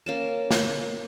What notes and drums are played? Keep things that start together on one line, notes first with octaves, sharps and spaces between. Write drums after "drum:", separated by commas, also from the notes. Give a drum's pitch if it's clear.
A#3 C#4 A5
drum: snare